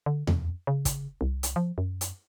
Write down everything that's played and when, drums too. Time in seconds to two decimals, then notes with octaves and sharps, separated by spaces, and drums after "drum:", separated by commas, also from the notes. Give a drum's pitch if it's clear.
0.06 D3
0.27 F2, drum: tom E2
0.67 C#3
0.85 drum: kick, hi-hat
1.21 C2
1.43 drum: hi-hat
1.56 F3
1.78 F#2
2.01 drum: hi-hat